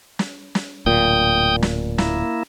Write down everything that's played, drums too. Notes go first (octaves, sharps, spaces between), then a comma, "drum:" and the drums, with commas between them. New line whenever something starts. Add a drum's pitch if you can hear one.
drum: snare
drum: snare
D1 A#2 G5 D#6 G6
drum: snare
A#3 E4, drum: snare